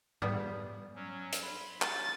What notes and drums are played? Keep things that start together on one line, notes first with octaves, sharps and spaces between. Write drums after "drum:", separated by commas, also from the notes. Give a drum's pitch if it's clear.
G3 B3, drum: tom G#2
F#3 C#4
drum: hi-hat
B5 C6
A6, drum: clap